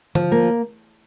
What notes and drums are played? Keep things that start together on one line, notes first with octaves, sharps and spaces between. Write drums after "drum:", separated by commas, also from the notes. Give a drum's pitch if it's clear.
F3, drum: tom D3
A#3